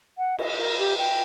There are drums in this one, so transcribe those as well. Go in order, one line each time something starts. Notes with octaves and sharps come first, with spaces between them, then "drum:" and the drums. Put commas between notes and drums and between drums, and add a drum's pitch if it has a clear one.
F#5
D#5, drum: cymbal
A#4
G4
G5